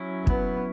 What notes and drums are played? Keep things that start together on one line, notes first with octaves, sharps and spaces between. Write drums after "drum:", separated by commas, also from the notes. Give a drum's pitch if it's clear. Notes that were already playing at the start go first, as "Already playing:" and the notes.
Already playing: F#3 C#4 E4
B3, drum: kick